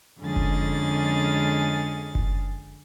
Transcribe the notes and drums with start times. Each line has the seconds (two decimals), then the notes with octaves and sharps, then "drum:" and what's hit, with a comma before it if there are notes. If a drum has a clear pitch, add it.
0.21 F2 D3 G#3 C#4 G#4 A6
0.36 drum: kick F#1
2.15 drum: kick F#1